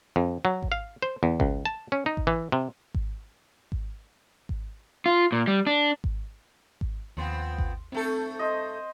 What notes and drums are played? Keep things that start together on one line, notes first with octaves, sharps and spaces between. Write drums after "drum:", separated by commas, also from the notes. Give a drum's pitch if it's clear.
F2
F#3
drum: kick G#1
F5
C5
E2
C#2, drum: kick G#1
A5
C#4
D#4
drum: kick G#1
E3
C3
drum: kick G#1
drum: kick G#1
drum: kick G#1
F4
A#2
G3
D4
drum: kick G#1
drum: kick G#1
D#2 F3 B3 C4 C6
drum: kick G#1
G2 A3 C4 A4
C5 D#5